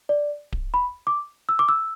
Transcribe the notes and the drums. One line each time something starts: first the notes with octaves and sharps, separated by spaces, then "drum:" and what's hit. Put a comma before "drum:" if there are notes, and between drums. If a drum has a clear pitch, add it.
D5
drum: kick D1
B5
D6
E6
D6
E6